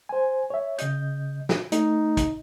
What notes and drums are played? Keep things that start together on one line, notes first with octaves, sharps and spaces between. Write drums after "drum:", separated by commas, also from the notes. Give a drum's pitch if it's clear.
C5 G#5
C#5 E5
C#3 D#5 G6, drum: hi-hat
drum: snare
A3 D#4, drum: hi-hat
drum: kick, hi-hat